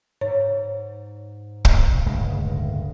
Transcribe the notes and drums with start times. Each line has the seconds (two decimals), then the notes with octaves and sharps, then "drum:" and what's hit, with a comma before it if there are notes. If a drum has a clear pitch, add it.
0.21 G#2 C#5
1.65 drum: kick
2.06 D1 G2 C#3 G#3